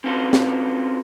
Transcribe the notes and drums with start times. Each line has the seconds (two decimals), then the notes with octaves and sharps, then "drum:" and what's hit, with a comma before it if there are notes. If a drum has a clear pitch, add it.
0.04 C4 C#4 F4 F#4 A4 B4
0.33 drum: snare